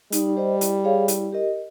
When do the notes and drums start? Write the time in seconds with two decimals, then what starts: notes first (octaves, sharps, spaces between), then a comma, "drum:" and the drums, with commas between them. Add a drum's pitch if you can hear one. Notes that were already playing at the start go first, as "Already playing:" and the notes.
0.12 G3 D#4, drum: hi-hat
0.37 G4 C5 D#5
0.61 E4, drum: hi-hat
0.84 G#4 C#5 F5
1.08 E4, drum: hi-hat
1.32 G4 A#4 D#5